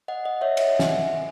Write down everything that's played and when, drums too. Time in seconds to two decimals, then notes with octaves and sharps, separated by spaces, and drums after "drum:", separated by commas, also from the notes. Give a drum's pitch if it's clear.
0.08 D#5 F#5
0.25 D#5 F#5
0.41 C#5 E5
0.57 D#5 F#5, drum: cymbal
0.75 F#5
0.79 E5 G#5, drum: snare